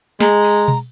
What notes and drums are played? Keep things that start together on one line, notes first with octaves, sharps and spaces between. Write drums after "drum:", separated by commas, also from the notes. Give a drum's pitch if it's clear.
G#3 A#5, drum: snare
drum: open hi-hat
drum: tom B2